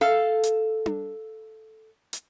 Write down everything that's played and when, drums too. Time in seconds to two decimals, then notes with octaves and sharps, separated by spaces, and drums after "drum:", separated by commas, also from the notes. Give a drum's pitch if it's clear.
0.01 A4 F5
0.43 drum: hi-hat
0.86 drum: tom D4
2.13 drum: hi-hat